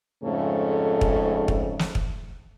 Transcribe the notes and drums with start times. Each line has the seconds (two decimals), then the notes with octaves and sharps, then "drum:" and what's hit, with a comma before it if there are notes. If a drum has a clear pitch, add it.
0.23 F2 G#2 C#3 A3
1.01 drum: kick
1.48 drum: kick
1.79 drum: snare
1.95 drum: kick